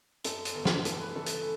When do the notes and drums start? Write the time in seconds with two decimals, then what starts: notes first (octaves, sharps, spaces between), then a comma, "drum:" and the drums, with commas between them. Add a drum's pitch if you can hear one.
0.24 F#2 A4, drum: hi-hat
0.45 drum: hi-hat
0.55 G1
0.65 drum: snare
0.85 E3 A4, drum: hi-hat
1.01 B4
1.16 C#3 A4
1.26 drum: hi-hat